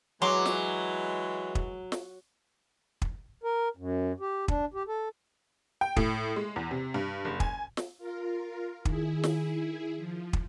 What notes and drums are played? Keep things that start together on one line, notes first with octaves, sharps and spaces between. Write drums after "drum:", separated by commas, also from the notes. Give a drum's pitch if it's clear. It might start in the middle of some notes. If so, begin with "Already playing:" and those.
E3 F#3 G#3 C6 D6
drum: snare
drum: kick
drum: snare
drum: kick
A#4
F#2
G4
D4, drum: kick
G4
A4
G5
A2, drum: kick
G#3
E2
C3
G2
F#1
G#5, drum: kick
drum: snare
F4 A#4
D#3 E4 G#4, drum: kick
drum: snare
F3
drum: kick